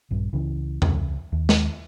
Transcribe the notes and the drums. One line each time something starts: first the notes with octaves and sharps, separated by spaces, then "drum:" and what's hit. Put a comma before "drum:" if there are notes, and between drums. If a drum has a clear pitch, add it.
A#1 G2
C#2 C#3 E3
C#2, drum: tom E2
D#2
drum: snare